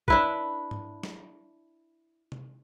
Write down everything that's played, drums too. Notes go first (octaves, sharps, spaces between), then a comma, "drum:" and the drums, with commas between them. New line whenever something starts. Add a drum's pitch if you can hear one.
D4 E4 B4, drum: kick
drum: tom G#2
drum: snare
drum: tom C3